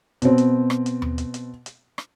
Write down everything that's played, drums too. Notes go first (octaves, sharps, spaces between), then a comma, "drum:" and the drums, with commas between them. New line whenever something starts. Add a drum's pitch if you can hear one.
B2 C4, drum: hi-hat
drum: hi-hat
drum: rim click
drum: hi-hat
drum: tom D#2
drum: hi-hat
drum: hi-hat
drum: hi-hat
drum: rim click